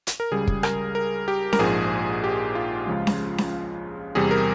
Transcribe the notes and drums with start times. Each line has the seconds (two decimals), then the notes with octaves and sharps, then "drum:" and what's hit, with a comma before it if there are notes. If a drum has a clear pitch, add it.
0.07 drum: hi-hat
0.20 A#4
0.31 C#2 C#3 G3 G#4
0.47 drum: kick
0.63 A#4, drum: rim click
0.95 A#4
1.28 G4
1.53 A#4, drum: snare C#4
1.59 A#1 G#2 F3 G#4
2.24 G4
2.55 F4
2.87 C#2 C#3 F3 G#3
3.07 drum: snare C#4
3.38 drum: snare C#4
4.15 E2 C3 G3 G#4
4.31 A#4